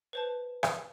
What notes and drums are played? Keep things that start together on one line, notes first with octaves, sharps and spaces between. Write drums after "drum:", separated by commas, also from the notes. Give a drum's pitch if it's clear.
B4 C5 A5
drum: rim click